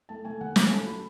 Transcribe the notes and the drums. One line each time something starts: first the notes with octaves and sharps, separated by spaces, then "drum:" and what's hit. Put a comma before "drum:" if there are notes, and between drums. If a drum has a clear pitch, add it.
A3 A5
A3 G#5
D#2 F#5
D#2 G#5, drum: snare
A3 A5
F#3 B5